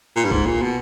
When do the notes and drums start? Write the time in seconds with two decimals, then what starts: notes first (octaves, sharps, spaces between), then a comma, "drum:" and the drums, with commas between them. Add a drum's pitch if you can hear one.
0.16 A#2
0.24 G2
0.31 G#2, drum: kick A#1
0.46 A#2
0.62 B2